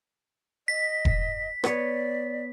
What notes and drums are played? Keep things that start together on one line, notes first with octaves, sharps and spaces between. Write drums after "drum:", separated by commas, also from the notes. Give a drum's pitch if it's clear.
D#5 B6
drum: kick E1
B3 C#5 D5, drum: rim click